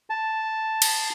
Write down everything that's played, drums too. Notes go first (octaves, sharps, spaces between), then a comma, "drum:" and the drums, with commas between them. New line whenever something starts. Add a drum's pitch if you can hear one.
A5
drum: cymbal